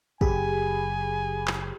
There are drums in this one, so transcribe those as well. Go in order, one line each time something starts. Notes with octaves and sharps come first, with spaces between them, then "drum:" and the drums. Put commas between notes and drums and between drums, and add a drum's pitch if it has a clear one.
F#1 G4 G#4 G#5 B5, drum: kick
drum: clap